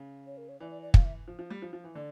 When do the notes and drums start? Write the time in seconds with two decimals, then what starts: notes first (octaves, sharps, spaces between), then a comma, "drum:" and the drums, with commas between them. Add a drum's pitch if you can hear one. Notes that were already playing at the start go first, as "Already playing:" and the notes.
Already playing: C#3
0.26 C#5
0.38 A#4
0.49 C#5
0.60 E3 D5
0.71 D5
0.82 D5
0.94 F5, drum: kick
1.05 E5
1.28 F3
1.39 F3
1.50 G3
1.62 F3
1.73 F3
1.84 E3
1.95 D3 D5